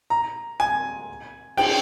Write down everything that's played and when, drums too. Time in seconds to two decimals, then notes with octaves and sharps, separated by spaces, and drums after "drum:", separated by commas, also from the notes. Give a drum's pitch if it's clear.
0.10 A#5
0.60 G#5
1.57 G5, drum: cymbal